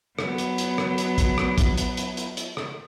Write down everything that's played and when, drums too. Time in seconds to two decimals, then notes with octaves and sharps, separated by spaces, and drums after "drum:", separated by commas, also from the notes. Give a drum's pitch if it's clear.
0.19 F#3 B3, drum: rim click
0.38 drum: hi-hat
0.58 drum: hi-hat
0.78 drum: rim click
0.98 drum: hi-hat
1.18 drum: kick, hi-hat
1.38 drum: rim click
1.58 drum: kick, hi-hat
1.78 drum: hi-hat
1.97 drum: hi-hat
2.17 drum: hi-hat
2.37 drum: hi-hat
2.57 drum: rim click